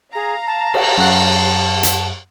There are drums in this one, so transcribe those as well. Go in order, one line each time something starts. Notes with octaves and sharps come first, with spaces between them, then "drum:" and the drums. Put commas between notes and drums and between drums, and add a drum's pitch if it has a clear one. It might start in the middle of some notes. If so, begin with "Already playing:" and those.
G#4 F5 A#5
A5
drum: cymbal
F#2 F#5
drum: hi-hat